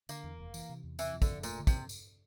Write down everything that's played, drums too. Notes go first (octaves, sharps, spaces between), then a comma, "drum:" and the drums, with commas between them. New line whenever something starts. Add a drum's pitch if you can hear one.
D3 A#3, drum: tambourine
E2
F1
E3, drum: tambourine
C3
E2
C3 E3, drum: tambourine
F2
D3, drum: kick, tambourine
F1
A#2 A3, drum: tambourine
D3
C3, drum: kick, tambourine
drum: tambourine